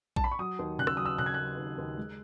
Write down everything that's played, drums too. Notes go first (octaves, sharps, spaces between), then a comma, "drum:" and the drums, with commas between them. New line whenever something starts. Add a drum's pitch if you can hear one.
A5, drum: kick A#1
B5
C#6
F#3 D#6
D#2
C#3 F#6
E6, drum: rim click
F#3 D#6
E6
C#3 F#6
G#6
F#3 F#6
D#2
D#2
G#3